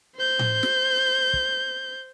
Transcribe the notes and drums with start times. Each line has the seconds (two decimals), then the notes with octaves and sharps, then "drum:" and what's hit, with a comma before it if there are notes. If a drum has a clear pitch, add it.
0.16 C5 G6
0.39 drum: tom A2
0.63 drum: snare
1.33 drum: kick